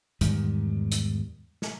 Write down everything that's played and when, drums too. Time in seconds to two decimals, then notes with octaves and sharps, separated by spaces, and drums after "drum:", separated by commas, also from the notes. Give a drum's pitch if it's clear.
0.21 E2 G#2 D#3 G3, drum: hi-hat
0.92 drum: hi-hat
1.62 drum: snare